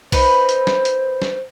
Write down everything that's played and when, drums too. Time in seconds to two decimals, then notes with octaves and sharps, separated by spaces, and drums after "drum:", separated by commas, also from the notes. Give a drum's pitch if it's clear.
0.12 B3 D#4 B4 C5, drum: kick B1, open hi-hat
0.49 drum: hi-hat
0.67 drum: snare
0.85 drum: hi-hat
1.22 drum: snare